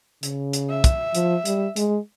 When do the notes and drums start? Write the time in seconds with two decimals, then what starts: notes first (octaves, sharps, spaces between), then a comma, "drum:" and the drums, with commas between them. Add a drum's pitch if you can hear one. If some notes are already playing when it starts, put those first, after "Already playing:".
0.23 C#3, drum: hi-hat
0.53 drum: hi-hat
0.69 E5
0.84 drum: kick, hi-hat
1.15 F3, drum: hi-hat
1.45 G3, drum: hi-hat
1.76 G#3, drum: hi-hat